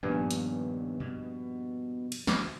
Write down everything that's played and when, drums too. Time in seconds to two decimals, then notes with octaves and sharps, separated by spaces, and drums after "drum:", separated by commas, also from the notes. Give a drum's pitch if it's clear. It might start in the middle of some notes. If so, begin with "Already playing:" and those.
0.03 A#1 G2 D#3 B3 G#5
0.31 drum: hi-hat
1.00 B2
2.12 drum: cymbal
2.27 D2, drum: snare